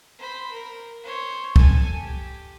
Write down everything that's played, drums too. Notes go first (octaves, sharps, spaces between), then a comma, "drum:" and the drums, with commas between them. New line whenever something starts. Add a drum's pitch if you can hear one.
C5 B5
A#4
C5 C#5
A4 G#5, drum: kick C2
G4